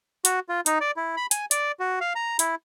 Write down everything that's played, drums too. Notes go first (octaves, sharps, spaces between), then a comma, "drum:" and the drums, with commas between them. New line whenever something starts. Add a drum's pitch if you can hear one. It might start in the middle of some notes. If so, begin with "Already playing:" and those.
F#4, drum: hi-hat
F4
D#4, drum: hi-hat
D5
E4
B5
G#5, drum: hi-hat
D5, drum: hi-hat
F#4
F5
A#5
E4, drum: hi-hat